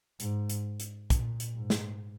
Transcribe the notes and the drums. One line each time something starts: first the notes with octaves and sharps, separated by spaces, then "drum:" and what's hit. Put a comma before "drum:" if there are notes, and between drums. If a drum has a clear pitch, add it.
G#2, drum: hi-hat
drum: hi-hat
drum: hi-hat
A#2, drum: kick, hi-hat
drum: hi-hat
G#2
drum: snare